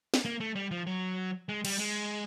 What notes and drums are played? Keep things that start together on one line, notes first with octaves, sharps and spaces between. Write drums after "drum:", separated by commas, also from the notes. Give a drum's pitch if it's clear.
drum: snare
A#3
A3
G3
F3
F#3
G#3
G3, drum: cymbal
G#3